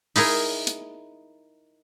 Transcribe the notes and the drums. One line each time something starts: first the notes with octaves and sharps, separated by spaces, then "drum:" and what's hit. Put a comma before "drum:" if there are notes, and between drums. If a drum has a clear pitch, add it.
D#4 E4 G#4 A#4, drum: open hi-hat
drum: hi-hat